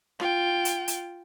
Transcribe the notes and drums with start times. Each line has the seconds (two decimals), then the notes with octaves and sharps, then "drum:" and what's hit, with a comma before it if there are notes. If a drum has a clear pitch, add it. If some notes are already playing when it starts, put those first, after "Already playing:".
0.20 F4 G5, drum: rim click
0.65 drum: hi-hat
0.88 drum: hi-hat